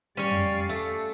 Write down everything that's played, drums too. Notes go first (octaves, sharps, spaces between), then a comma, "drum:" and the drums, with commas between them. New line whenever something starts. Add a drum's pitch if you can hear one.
G3 C#4 C#5 D5 F5
drum: tom
A3 A4